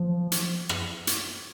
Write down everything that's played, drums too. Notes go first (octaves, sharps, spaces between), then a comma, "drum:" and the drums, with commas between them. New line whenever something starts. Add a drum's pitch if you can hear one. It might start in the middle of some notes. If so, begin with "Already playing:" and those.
Already playing: F3
drum: hi-hat
drum: rim click
drum: hi-hat